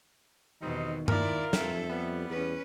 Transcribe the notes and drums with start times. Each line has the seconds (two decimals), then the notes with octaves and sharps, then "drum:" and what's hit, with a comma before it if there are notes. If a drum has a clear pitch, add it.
0.61 E2 B2 D#3 G3 C4 D#4
1.08 E4 F4 A#4 D5, drum: tom G2
1.53 F2 A4 E5, drum: snare
1.90 G3 B3
2.30 E2 C#4 B4